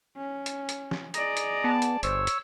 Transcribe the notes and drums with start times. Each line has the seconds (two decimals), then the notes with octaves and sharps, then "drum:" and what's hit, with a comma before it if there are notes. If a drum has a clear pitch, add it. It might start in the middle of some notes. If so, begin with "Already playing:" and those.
0.17 C#4
0.46 drum: hi-hat
0.69 drum: hi-hat
0.91 drum: snare
1.14 G#4 D5 D#5 A#5, drum: hi-hat
1.37 drum: hi-hat
1.64 B3 A5
1.82 drum: hi-hat
2.03 G1 C5 C#5 E6, drum: hi-hat
2.27 drum: hi-hat